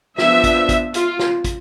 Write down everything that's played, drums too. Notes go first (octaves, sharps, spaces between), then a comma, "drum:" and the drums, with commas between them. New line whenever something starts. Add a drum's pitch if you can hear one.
F3 B3 D4 E5, drum: snare
drum: kick, hi-hat
drum: kick, hi-hat
F4, drum: hi-hat
drum: snare
drum: kick, hi-hat